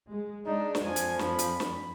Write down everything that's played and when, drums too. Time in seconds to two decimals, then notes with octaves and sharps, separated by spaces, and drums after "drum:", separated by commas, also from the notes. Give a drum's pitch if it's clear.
0.11 G#3
0.46 G#3 D4 D#4
0.75 drum: snare
0.85 F2 F3 G#5
0.96 drum: hi-hat
1.19 B5, drum: snare
1.39 drum: hi-hat
1.60 drum: snare